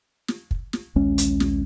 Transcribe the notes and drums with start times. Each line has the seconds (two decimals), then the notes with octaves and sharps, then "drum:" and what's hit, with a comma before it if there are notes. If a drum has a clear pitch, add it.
0.28 drum: snare
0.51 drum: kick
0.73 drum: snare
0.95 A#1 D#2 G#3 C#4
1.18 drum: hi-hat
1.40 drum: snare